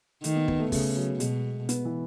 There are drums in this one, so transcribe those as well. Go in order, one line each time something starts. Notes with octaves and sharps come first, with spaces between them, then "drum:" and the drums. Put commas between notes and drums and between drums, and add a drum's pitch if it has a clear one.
D#3 A3, drum: hi-hat
B3
B3, drum: kick
A3
C#3 A3, drum: kick, open hi-hat
F#3
B2 G#3, drum: hi-hat
B3, drum: hi-hat
E3